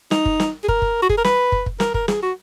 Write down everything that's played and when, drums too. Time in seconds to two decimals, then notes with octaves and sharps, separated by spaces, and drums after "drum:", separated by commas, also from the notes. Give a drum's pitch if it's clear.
0.11 D#4, drum: snare
0.25 drum: kick
0.40 drum: snare
0.64 G#4
0.68 A#4, drum: kick
0.82 drum: kick
1.02 F#4
1.09 G#4, drum: kick
1.18 A#4
1.24 B4, drum: snare
1.52 drum: kick
1.66 drum: kick
1.80 A#4, drum: snare
1.94 A#4, drum: kick
2.08 G#4, drum: snare
2.22 F#4